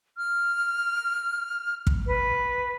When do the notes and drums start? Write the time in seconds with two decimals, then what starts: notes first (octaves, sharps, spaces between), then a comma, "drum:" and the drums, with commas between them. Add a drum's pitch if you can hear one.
0.17 F6
1.87 drum: kick
2.07 B4